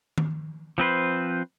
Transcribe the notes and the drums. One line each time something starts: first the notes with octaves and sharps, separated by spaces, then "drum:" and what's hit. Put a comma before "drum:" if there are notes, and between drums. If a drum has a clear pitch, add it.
drum: tom D#3
F3 C4 B4 C5